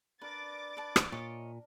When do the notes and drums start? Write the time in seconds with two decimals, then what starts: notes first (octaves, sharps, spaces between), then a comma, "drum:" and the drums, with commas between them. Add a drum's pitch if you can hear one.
0.21 D4 A#4 B4 D6 A6
0.77 B4 A5
0.96 drum: rim click
1.12 A#2 C#5 D#5